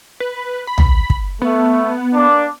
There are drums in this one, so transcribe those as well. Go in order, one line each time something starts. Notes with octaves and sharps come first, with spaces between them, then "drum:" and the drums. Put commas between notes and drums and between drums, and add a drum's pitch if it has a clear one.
B4
B5
drum: tom
drum: kick
A3 B3
A#3 D4 D6